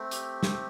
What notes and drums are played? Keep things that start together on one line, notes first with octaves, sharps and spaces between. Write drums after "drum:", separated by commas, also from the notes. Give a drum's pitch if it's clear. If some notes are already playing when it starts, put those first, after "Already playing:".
Already playing: A3 C4
G4, drum: hi-hat
drum: snare